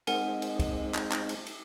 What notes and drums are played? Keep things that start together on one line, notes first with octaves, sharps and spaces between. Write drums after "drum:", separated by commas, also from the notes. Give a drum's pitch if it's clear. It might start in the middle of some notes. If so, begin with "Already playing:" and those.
G#3 C4 D#4 A#4 F#5 G#5, drum: cymbal
drum: cymbal
drum: kick, cymbal
drum: clap
drum: clap
drum: cymbal
drum: cymbal